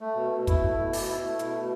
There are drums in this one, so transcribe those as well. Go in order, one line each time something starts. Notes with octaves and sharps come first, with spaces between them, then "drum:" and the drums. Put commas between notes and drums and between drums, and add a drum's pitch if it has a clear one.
A3
B2
B2
E4, drum: kick, hi-hat
A3
B2
B2, drum: open hi-hat
E4
A3
B2, drum: hi-hat
B2